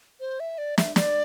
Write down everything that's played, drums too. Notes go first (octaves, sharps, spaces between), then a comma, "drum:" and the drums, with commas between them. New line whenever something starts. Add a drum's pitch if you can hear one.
C5
E5
D5
E5, drum: snare
D5, drum: snare